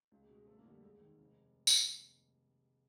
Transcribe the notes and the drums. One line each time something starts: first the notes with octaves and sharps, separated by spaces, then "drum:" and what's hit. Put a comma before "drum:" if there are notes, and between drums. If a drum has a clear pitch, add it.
C#2
G#3
B2
G#3
G1 A3
A#3
F2 D3
G3
D#2 G#3
D#3
F1
drum: tambourine